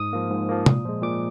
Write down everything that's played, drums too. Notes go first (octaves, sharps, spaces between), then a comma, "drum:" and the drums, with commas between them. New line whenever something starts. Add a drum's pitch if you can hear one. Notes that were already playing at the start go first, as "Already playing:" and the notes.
Already playing: G#2 D#6
F3 A#3
G#2
F3 A#3
A#2, drum: tom C3
F3 G#3
A#2 D6